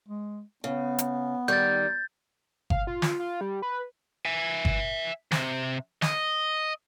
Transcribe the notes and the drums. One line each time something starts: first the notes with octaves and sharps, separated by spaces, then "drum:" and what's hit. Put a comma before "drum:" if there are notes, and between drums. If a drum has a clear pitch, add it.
G#3
C#3 B3
drum: hi-hat
D#3 G3 G6 A6
F5, drum: kick G1
F4
drum: snare
F4
G3
B4
E5 G#5
drum: kick G1
C3, drum: snare
D#5, drum: snare